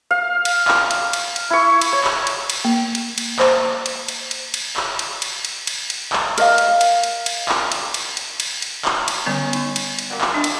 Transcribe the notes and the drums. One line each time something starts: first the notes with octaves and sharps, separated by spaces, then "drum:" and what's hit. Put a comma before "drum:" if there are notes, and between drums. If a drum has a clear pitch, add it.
F5
drum: cymbal
drum: clap
drum: cymbal
drum: cymbal
drum: cymbal
E4 C#6
drum: cymbal
C#5
drum: clap
drum: cymbal
drum: cymbal
A#3
drum: cymbal
drum: cymbal
C5, drum: clap
drum: cymbal
drum: cymbal
drum: cymbal
drum: cymbal
drum: clap
drum: cymbal
drum: cymbal
drum: cymbal
drum: cymbal
drum: cymbal
drum: clap
A#4 D#5 F5, drum: cymbal
drum: cymbal
drum: cymbal
drum: cymbal
drum: cymbal
drum: clap
drum: cymbal
drum: cymbal
drum: cymbal
drum: cymbal
drum: cymbal
drum: clap
drum: cymbal
D3 G3 B3 C#4
D#4, drum: cymbal
drum: cymbal
drum: cymbal
F#3 G3 A#3
drum: clap
D4 D#4 E5 A5
drum: cymbal